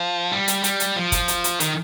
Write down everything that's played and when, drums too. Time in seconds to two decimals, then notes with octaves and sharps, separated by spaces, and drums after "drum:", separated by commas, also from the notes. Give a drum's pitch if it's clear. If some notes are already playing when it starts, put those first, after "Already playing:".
Already playing: F3
0.32 G3
0.48 drum: hi-hat
0.64 G3, drum: hi-hat
0.80 drum: hi-hat
0.96 F3
1.12 drum: kick, hi-hat
1.28 drum: hi-hat
1.44 drum: hi-hat
1.60 D#3, drum: hi-hat